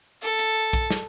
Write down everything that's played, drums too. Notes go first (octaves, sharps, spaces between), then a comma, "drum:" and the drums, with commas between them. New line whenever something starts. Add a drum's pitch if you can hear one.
A4
drum: hi-hat
drum: kick B1, hi-hat
drum: snare